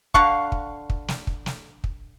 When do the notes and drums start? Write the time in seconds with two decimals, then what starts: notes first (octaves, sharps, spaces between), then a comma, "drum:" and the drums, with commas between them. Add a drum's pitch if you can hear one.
0.14 D3 D4 F5 C#6, drum: kick
0.52 drum: kick
0.90 drum: kick
1.08 drum: snare
1.27 drum: kick
1.46 drum: snare
1.84 drum: kick